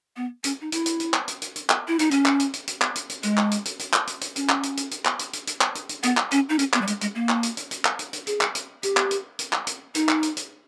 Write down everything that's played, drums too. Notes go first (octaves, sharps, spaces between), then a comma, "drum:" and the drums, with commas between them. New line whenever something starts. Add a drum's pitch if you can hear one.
B3
C#4, drum: hi-hat
D#4
E4, drum: hi-hat
drum: hi-hat
drum: hi-hat
drum: clap
drum: hi-hat
drum: hi-hat
drum: hi-hat
drum: clap
E4
D#4, drum: hi-hat
C#4, drum: hi-hat
drum: clap
drum: hi-hat
drum: hi-hat
drum: hi-hat
drum: clap
drum: hi-hat
drum: hi-hat
G#3, drum: hi-hat
drum: clap
drum: hi-hat
drum: hi-hat
drum: hi-hat
drum: clap
drum: hi-hat
drum: hi-hat
C#4, drum: hi-hat
drum: clap
drum: hi-hat
drum: hi-hat
drum: hi-hat
drum: clap
drum: hi-hat
drum: hi-hat
drum: hi-hat
drum: clap
drum: hi-hat
drum: hi-hat
B3, drum: hi-hat
drum: clap
C#4, drum: hi-hat
D#4
C#4, drum: hi-hat
B3, drum: clap
G3
G#3, drum: hi-hat
G#3, drum: hi-hat
A#3
drum: clap
drum: hi-hat
drum: hi-hat
drum: hi-hat
drum: clap
drum: hi-hat
drum: hi-hat
G#4, drum: hi-hat
drum: clap
drum: hi-hat
G4, drum: hi-hat
drum: clap
drum: hi-hat
drum: hi-hat
drum: clap
drum: hi-hat
D#4, drum: hi-hat
drum: clap
drum: hi-hat
drum: hi-hat